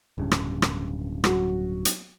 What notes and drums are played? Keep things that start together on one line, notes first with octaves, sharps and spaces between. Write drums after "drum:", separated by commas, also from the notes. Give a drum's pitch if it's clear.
D1 G2 C#3
drum: rim click
drum: rim click
F#3 F#4, drum: rim click
drum: hi-hat